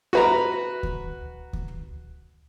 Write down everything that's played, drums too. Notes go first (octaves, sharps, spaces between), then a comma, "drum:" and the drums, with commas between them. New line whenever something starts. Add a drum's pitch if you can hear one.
F#4 B4 A#5
drum: kick D2
drum: kick D2